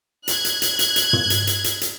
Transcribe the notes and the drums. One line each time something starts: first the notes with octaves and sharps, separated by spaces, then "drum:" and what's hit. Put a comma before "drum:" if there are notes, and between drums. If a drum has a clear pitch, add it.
F#6 G#6, drum: hi-hat
drum: hi-hat
drum: hi-hat
drum: hi-hat
drum: hi-hat
drum: tom
drum: hi-hat
drum: hi-hat
drum: hi-hat
drum: hi-hat